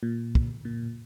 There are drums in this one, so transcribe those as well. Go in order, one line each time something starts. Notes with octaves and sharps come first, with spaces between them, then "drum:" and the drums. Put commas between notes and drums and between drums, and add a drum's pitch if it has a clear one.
A#2
drum: kick
A#2